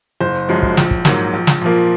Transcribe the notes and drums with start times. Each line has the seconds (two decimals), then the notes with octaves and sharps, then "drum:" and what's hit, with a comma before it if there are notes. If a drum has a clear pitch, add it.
0.20 F#1 C5
0.49 F#2 F3 G#3
0.63 drum: kick
0.77 A#1, drum: snare
0.91 drum: kick
1.05 G#2 F#3 A#3, drum: snare
1.33 A#1
1.47 drum: snare
1.61 A#2 F3 A#3